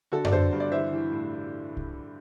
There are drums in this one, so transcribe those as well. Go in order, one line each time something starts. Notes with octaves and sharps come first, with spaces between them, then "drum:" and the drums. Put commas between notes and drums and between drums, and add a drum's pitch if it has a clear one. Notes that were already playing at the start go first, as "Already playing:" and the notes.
D3 F#4 A4
D5, drum: tom F#2
D3 A4 C5
G2
D5
E3 C5 E5
E3
A2
drum: kick C2